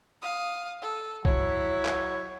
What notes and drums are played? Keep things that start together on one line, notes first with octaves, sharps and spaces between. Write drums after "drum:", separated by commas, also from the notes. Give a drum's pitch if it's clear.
F5 D#6
A4
F#3 E4 C#5, drum: kick
drum: clap